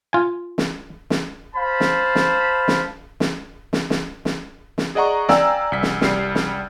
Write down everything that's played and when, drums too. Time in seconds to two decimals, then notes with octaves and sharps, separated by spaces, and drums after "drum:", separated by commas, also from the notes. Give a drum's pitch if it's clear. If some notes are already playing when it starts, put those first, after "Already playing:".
0.13 F4 G#5
0.58 drum: snare
1.10 drum: snare
1.55 C5 F5 A5 B5
1.80 drum: snare
2.15 drum: snare
2.68 drum: snare
3.20 drum: snare
3.73 drum: snare
3.90 drum: snare
4.25 drum: snare
4.78 drum: snare
4.95 G#4 D5 D#5 F#5 A#5 C#6
5.29 D5 F5 G5 G#5 A#5 E6, drum: snare
5.72 C2 B6
5.83 drum: snare
6.01 C2 G3 C7, drum: snare
6.35 drum: snare